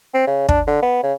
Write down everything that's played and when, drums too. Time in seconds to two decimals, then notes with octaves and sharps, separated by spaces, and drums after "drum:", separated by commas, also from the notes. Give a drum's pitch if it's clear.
0.14 C4
0.27 C#3
0.49 D4, drum: kick
0.67 D3
0.82 B3
1.03 C#3